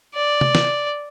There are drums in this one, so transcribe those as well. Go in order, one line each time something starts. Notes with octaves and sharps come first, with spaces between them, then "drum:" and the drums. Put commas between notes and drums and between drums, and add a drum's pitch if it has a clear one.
D5
drum: tom C3
drum: snare